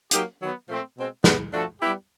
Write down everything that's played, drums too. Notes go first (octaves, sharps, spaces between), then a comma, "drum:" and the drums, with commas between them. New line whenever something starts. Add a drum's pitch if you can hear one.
F#3 A#3 D#4 G4, drum: hi-hat
D#3 F#3 B3
A#2 F3 A3 C4
B2 G#3 C4
A#2 G3 B3, drum: snare
F3 A3 D4 F#4 A4
G3 B3 E4 G4